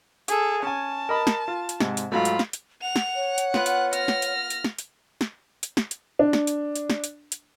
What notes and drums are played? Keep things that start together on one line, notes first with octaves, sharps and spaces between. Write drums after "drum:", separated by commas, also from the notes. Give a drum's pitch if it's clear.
G#4 A4, drum: hi-hat
C#4 G#5 A5
A#4 D#5 B5
drum: snare
F4
drum: hi-hat
G#2 C3, drum: snare
drum: hi-hat
G#2 F#3 A3 F4 B5
drum: hi-hat
drum: snare
drum: hi-hat
F#5 F7
drum: snare
C#5
drum: hi-hat
B3 F4 F#6, drum: snare
drum: hi-hat
F6 A#6, drum: hi-hat
drum: snare
drum: hi-hat
drum: hi-hat
drum: snare
drum: hi-hat
drum: snare
drum: hi-hat
drum: snare
drum: hi-hat
D4
drum: snare
drum: hi-hat
drum: hi-hat
drum: snare
drum: hi-hat
drum: hi-hat